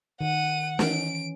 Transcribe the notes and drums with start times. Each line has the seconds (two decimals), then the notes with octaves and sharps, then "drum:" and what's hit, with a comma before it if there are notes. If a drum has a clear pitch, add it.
0.21 D#3 F#5 D#7
0.79 E3 C#4 D7, drum: snare